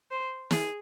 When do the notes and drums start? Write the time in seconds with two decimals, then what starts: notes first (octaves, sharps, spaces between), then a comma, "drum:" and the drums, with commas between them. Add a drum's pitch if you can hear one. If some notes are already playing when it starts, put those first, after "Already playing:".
0.11 C5
0.51 G#4, drum: snare